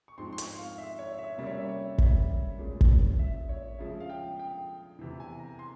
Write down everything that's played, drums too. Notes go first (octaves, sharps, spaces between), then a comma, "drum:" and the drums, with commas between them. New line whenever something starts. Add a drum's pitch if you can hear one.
C#6
G#2 F3 C4 C6
C6
C#6, drum: hi-hat
F5
E5
C#5
E5
C3 G3 A#3 C#4 E5
C#5
E5
C#5
E5, drum: kick
A#2 G#3 C#4
drum: kick
E5
C#5
C#3 F3 G#3 E5
F5
G5
G5
E2 C3 E3
G#5
A#5
C6